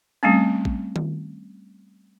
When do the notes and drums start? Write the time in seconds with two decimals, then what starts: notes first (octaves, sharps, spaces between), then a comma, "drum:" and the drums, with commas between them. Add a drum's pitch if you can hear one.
0.23 G3 A3 C4 C#4
0.65 drum: kick
0.96 drum: tom D#3